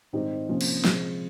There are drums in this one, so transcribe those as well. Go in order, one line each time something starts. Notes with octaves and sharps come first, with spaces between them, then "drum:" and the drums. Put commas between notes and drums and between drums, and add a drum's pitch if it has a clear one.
G#2 D#3 G3 C4 D#4
C3 F3 A#3 C#4
drum: cymbal
C3 F3 G#3, drum: snare